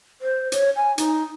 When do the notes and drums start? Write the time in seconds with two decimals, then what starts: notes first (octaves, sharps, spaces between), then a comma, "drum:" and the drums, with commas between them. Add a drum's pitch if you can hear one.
0.21 C5
0.52 C#5, drum: hi-hat
0.76 G#5
0.98 D#4, drum: hi-hat